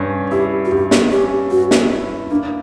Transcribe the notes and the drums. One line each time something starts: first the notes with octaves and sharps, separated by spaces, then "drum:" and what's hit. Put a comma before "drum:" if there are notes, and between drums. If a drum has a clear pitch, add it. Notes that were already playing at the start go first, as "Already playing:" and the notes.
Already playing: G2 C#4
E4 G4
F#4
G2 G4
drum: snare
C#4 G4
G2 F#4
drum: snare
E4
A#3 D4